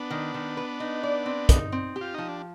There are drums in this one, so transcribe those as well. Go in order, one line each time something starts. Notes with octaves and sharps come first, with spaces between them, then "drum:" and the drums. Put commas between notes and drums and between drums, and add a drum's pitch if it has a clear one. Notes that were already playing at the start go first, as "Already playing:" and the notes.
Already playing: B3 D4
D#3
D#3
B4
D#4
D5
C4
D#4, drum: kick, hi-hat
C4
G4
F4
F3 D#4
D4